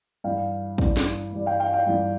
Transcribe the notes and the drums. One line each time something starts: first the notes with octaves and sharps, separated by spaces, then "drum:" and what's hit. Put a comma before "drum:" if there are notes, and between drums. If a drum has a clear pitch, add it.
G2 E3 G3 F5 G5
G2 E3 G3, drum: kick
drum: snare
G2 E3 G3
F5 G5
F5 G5
F5 G5
G2 E3 G3